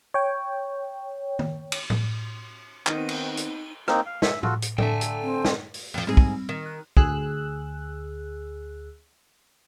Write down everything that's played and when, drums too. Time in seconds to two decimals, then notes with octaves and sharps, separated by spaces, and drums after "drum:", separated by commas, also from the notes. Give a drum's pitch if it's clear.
0.14 C#5 G5
1.39 drum: tom D#3
1.72 drum: cymbal
1.90 drum: tom A2
2.87 D#3 B3 C4 D#4 D#7, drum: clap
3.09 drum: cymbal
3.37 drum: hi-hat
3.88 A#3 C4 D#4, drum: rim click
4.06 F5
4.22 E5, drum: snare
4.43 F4 F#4 A4, drum: tom A2
4.62 drum: hi-hat
4.78 D3 A3 A4 E5 G5 G#5, drum: tom A2
5.01 drum: hi-hat
5.22 C4
5.45 drum: snare
5.74 drum: open hi-hat
5.94 F2 F3
6.07 G#2 G3 C4 G#4
6.17 drum: kick
6.49 D#3
6.66 F#6
6.97 D2 G#4 E6 F#6, drum: kick